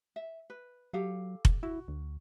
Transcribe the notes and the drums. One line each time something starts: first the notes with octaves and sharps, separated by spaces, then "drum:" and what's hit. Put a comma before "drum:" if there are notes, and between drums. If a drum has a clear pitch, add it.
E5
B4
F#3 G4 A4 F5
drum: kick F1
E4 F#4
D2